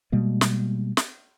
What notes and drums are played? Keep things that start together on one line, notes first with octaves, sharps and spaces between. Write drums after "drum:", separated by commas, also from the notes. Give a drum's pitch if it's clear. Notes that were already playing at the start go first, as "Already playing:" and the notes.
B2 G3 G#3 A#3
drum: snare
drum: snare